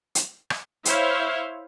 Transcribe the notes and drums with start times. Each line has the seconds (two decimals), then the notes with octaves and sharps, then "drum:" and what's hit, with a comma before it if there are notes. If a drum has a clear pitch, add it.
0.15 drum: hi-hat
0.50 drum: rim click
0.85 E4 C5 C#5 E5 F5, drum: hi-hat